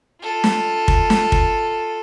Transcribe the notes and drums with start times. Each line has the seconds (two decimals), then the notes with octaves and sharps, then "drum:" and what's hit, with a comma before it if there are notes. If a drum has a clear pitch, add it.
0.22 F4 A4
0.44 drum: snare
0.88 drum: kick
1.10 drum: snare
1.32 drum: kick